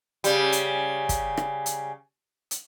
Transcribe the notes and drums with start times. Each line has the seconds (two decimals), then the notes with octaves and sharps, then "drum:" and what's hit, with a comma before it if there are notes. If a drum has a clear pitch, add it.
0.24 C#3 G3, drum: hi-hat
0.52 drum: hi-hat
1.09 drum: kick, hi-hat
1.37 drum: rim click
1.66 drum: hi-hat
2.51 drum: hi-hat